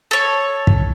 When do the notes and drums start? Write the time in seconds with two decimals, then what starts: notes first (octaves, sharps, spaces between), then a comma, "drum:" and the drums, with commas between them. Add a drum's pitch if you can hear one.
0.11 A4 C#5
0.67 drum: kick